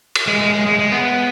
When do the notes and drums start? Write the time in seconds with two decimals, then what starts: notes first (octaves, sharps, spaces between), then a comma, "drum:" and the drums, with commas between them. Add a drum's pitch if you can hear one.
0.15 drum: cymbal
0.27 G#3
0.40 G#3
0.53 G#3
0.66 G#3
0.79 G#3
0.92 B3